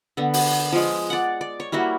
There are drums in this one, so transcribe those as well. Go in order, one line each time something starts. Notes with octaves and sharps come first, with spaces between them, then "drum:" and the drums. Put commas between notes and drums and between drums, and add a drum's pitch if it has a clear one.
D3 B3
drum: open hi-hat
F3 G#3
D5 F#5
D5
C#5
G3 A#3 E4 F#4